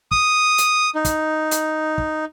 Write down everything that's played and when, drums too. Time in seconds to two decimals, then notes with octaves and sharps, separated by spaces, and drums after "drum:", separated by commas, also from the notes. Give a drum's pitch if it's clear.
0.11 D#6, drum: kick
0.58 drum: hi-hat
0.95 D#4
1.05 drum: kick, hi-hat
1.51 drum: hi-hat
1.98 drum: kick